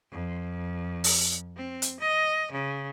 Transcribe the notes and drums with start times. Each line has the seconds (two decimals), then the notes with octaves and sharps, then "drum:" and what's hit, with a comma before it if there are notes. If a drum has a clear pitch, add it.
0.12 F2
1.04 drum: open hi-hat
1.56 C4
1.82 drum: hi-hat
2.00 D#5
2.52 C#3